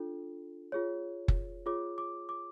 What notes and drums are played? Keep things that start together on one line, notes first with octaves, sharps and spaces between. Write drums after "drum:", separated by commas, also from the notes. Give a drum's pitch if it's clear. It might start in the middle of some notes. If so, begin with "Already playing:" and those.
Already playing: D4 F4 A4
F4 G#4 C#5
drum: kick F#1
F4 G#4 C#5 D6
D6
D6